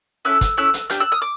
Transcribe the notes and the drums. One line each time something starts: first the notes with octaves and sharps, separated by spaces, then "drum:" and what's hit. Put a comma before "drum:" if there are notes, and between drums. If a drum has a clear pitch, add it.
C#4 E4 A4 E6 F#6
drum: kick, hi-hat
C#4 E4 A4 E6 F#6
drum: hi-hat
D4 G4 F6 G6, drum: hi-hat
E6 F#6
D#6 F6
D6